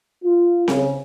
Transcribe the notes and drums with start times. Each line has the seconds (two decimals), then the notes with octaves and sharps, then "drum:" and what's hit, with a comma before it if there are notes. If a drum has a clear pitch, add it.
0.23 F4
0.68 C#3, drum: snare C4